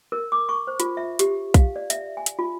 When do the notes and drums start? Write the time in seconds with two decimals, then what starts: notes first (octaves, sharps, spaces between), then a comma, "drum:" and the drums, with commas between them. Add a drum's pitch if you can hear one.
0.12 A#4
0.32 D6
0.49 C#6
0.67 C5
0.80 F4, drum: hi-hat
0.97 E5
1.19 G4, drum: hi-hat
1.54 F5, drum: kick B1, hi-hat
1.76 D5
1.90 E5, drum: hi-hat
2.17 G#5
2.26 drum: hi-hat
2.39 F4